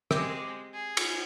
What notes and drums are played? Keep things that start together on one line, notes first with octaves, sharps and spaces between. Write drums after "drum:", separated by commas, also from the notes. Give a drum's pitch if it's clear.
G#3 C4 G4, drum: rim click
G#4
drum: cymbal